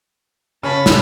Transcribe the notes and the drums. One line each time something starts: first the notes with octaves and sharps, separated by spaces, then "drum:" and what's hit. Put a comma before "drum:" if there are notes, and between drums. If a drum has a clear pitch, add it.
C#3 C#4 A5 B5
drum: snare